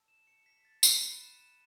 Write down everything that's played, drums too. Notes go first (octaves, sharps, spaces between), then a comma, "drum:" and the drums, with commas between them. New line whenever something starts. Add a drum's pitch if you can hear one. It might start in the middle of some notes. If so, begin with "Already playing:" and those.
Already playing: A5 E6
E7
C#7
B6
A6
B5 F#6 C#7, drum: tambourine
D#7
E7
E7